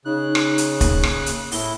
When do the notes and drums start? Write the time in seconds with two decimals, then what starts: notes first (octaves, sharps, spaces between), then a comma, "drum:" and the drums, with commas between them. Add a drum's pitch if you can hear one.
0.05 C#3 D#4 F#6
0.35 drum: rim click
0.58 drum: hi-hat
0.81 A#3, drum: kick, hi-hat
1.03 drum: rim click
1.26 drum: hi-hat
1.52 A2 E4, drum: open hi-hat